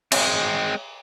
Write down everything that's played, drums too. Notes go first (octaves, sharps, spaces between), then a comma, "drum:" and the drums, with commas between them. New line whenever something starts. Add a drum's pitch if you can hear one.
G#3 C4, drum: cymbal